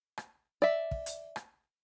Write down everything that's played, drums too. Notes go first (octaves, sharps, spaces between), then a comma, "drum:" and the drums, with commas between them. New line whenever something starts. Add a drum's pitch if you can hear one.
drum: rim click
D5 E5
drum: kick
drum: hi-hat
drum: rim click